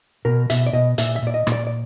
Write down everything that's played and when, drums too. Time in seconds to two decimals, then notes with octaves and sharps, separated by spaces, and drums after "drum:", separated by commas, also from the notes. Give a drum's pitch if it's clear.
0.25 B2 A#4
0.50 B2 E5, drum: hi-hat
0.67 D5
0.73 B2 D#5
0.98 A#2 E5, drum: hi-hat
1.16 E5
1.22 A#2 D5
1.34 D#5
1.47 A#2, drum: rim click
1.52 D5
1.67 D5